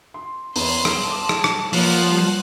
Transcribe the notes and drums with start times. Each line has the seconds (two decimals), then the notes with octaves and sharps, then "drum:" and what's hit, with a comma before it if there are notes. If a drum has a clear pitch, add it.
0.14 C6
0.56 E2 C6, drum: open hi-hat
0.85 drum: rim click
1.07 A5 C6 D6
1.29 drum: rim click
1.44 drum: rim click
1.73 F3 A#3 F#5, drum: open hi-hat
2.08 G3